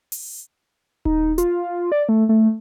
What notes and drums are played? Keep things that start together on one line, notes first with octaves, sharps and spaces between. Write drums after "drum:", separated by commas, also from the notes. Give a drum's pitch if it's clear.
drum: open hi-hat
D#4, drum: kick D#1
F4, drum: hi-hat
D5
A3
A3